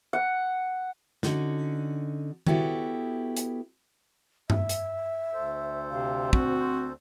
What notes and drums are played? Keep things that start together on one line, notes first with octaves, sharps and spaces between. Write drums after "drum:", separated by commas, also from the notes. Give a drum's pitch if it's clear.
F#5
D3 C#4 D#4 F#4, drum: snare
B3 E4 F#4 G4 A4 C#5, drum: tom D#3
drum: hi-hat
E5, drum: tom G2
drum: hi-hat
D2 A4 C5
C3 F5
C4 F#4, drum: kick